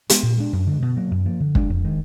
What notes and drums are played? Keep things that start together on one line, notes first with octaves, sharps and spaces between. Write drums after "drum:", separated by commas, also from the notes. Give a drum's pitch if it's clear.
G#3 B3 D4, drum: hi-hat
A#2
G#3 D4
F#2
D3 G#3
B2
F#3 A#3
F#2
F3 A#3
D3
G#3 D4, drum: kick
F2
D#3 G#3